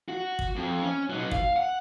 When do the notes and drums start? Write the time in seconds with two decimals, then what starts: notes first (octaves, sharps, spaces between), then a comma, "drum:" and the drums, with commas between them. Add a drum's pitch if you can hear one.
0.09 F#4
0.39 drum: kick
0.56 F2
0.83 C#4
1.10 F#3 D#4
1.31 F5, drum: kick
1.56 F#5